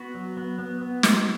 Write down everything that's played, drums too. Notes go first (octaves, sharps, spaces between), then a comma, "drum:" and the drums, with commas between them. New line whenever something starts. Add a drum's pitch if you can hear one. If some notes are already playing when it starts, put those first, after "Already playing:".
Already playing: B3 F#4
F#3
B3
B3
B3
F#3, drum: snare